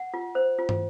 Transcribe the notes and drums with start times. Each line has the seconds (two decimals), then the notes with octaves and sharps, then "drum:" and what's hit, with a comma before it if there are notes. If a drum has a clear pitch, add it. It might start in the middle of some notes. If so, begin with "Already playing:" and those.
Already playing: F#5
0.14 F4
0.35 C5
0.58 F4
0.69 drum: tom